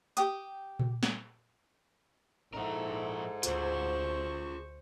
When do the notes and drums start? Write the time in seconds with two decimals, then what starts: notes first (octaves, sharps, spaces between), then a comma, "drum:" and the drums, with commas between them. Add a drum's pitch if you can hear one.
0.17 G4 G5 D#6, drum: hi-hat
0.79 drum: tom A#2
1.03 drum: snare
2.53 G#2 F3 D#4 E4 A4 A#4
3.43 D2 F4 G#4 C5 C#6, drum: hi-hat